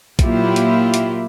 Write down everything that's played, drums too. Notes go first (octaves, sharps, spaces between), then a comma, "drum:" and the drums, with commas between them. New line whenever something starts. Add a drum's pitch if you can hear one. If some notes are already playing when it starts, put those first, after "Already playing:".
A#2 F#3 A#3 E4 F4 G4, drum: kick A#1, hi-hat
drum: hi-hat
drum: hi-hat